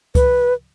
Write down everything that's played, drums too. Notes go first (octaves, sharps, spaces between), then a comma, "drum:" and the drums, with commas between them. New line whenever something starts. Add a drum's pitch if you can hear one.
B4, drum: kick C#2, hi-hat